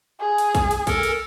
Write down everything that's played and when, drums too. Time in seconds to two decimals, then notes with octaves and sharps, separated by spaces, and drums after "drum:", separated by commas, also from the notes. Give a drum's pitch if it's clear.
0.20 G#4
0.38 drum: hi-hat
0.55 drum: kick, hi-hat
0.71 drum: hi-hat
0.87 A4 A#4, drum: kick, hi-hat
1.03 drum: hi-hat